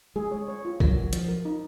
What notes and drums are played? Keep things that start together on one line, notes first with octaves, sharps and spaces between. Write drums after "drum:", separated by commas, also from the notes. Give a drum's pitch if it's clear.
G#3 G#4
C#5
C#5
F4
F#3 A#4, drum: kick A#1
F#4
F3 F#4, drum: hi-hat
A#4
D#4